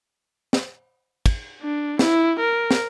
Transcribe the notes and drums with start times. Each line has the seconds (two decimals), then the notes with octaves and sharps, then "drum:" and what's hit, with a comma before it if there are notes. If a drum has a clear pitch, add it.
0.53 drum: snare
1.26 drum: kick, cymbal
1.62 D4
1.99 E4, drum: snare
2.39 A#4
2.71 drum: snare